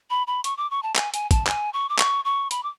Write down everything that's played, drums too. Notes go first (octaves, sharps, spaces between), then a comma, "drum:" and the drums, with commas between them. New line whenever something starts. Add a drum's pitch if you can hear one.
B5
B5
C#6, drum: hi-hat
D6
C#6
A5
G#5, drum: clap
G#5, drum: hi-hat
A5, drum: kick, hi-hat
G#5, drum: clap
C#6
D6
C#6, drum: clap
C#6
B5, drum: hi-hat
D6